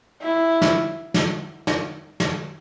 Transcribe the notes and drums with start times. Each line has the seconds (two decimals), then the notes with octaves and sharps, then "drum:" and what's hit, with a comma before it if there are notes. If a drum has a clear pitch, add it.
0.22 E4
0.62 drum: snare
1.14 drum: snare
1.67 drum: snare
2.20 drum: snare